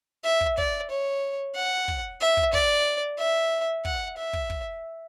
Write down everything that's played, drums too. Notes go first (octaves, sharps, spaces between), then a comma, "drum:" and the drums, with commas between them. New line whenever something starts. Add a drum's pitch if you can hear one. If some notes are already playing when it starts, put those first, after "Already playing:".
E5
drum: kick
D5, drum: kick
C#5
F#5
drum: kick
E5
drum: kick
D5, drum: kick
E5
F#5, drum: kick
E5
drum: kick
drum: kick